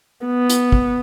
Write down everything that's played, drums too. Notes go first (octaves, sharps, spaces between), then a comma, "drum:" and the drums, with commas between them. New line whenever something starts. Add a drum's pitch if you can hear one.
B3
drum: hi-hat
drum: kick